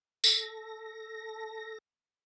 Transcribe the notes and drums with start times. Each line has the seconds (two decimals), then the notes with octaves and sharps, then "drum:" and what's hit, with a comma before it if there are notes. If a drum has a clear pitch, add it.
0.24 A4 A#6, drum: tambourine